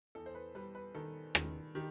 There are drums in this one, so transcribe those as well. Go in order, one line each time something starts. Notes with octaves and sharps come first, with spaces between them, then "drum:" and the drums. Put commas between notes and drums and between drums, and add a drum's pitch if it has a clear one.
E2 A4
C5
B4
G3 B4
B4
D#3 A4
D#3, drum: rim click
D#3 G4